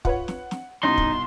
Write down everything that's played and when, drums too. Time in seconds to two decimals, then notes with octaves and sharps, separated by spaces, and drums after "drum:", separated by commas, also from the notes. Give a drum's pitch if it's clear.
0.05 F4 B4 C#5 F#5, drum: kick
0.28 drum: snare
0.51 drum: snare
0.83 C2 B2 C#4 D#4 C6
0.98 drum: kick